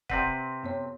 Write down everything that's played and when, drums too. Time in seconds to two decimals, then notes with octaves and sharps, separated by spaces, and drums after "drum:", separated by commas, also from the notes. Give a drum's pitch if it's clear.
0.10 C3 C4 B4 D5 F#5, drum: kick
0.63 F#2 B3 C#5